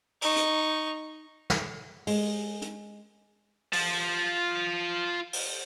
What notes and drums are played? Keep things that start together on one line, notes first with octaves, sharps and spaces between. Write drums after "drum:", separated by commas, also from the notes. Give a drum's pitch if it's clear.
D#4 C#6, drum: open hi-hat
drum: hi-hat
drum: snare
G#3, drum: open hi-hat
drum: hi-hat
F4 A5, drum: open hi-hat
drum: open hi-hat